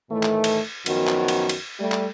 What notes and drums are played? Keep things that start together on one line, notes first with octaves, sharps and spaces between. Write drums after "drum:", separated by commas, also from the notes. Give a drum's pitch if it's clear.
A2 D#3 E3 A3
drum: clap
drum: cymbal
F#2 D#3 F3 B3 F#4, drum: cymbal
drum: clap
drum: cymbal
drum: cymbal
G3 A3
drum: clap